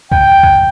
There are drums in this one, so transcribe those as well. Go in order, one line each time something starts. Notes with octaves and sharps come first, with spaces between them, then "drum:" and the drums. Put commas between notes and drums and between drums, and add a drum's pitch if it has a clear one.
G5, drum: kick
drum: kick